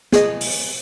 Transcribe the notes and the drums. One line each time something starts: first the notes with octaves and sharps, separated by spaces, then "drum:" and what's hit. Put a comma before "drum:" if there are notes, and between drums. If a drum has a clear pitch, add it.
G#4 D#5, drum: snare
drum: open hi-hat